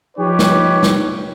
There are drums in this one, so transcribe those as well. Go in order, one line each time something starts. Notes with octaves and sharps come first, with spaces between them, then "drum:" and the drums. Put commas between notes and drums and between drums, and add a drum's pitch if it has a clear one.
F3 D#4 G4 B4 C#5
drum: snare
drum: snare